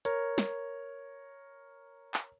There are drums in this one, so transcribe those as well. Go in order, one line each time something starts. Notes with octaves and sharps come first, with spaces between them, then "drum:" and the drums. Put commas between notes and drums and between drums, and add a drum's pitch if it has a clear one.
A#4 C#5, drum: hi-hat
drum: snare
drum: clap